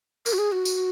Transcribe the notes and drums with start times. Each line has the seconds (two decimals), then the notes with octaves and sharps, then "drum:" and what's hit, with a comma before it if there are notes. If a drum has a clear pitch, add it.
0.26 A#4, drum: tambourine
0.33 F#4
0.38 G#4
0.52 F#4
0.65 drum: tambourine